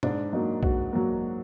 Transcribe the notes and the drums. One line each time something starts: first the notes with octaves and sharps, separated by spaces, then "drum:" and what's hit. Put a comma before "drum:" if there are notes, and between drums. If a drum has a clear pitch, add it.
G#2 D4, drum: tom B2
F#3 A#3 D#4
G#2 F#4, drum: kick B1
F#3 A#3